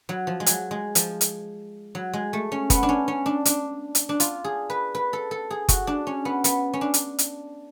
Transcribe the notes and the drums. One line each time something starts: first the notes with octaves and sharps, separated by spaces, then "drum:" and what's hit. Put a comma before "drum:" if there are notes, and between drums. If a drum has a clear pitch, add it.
F#3
F3
G#3
F#3, drum: hi-hat
G#3
F3, drum: hi-hat
drum: hi-hat
F#3
G#3
A3
C#4
B3, drum: kick F#1, hi-hat
D4
C#4
C#4
D4
D4, drum: hi-hat
drum: hi-hat
D4
F4, drum: hi-hat
G#4
B4
B4
A4
A4
G#4
F#4, drum: kick F#1, hi-hat
D4
C#4
B3
B3, drum: hi-hat
C#4
D4
drum: hi-hat
drum: hi-hat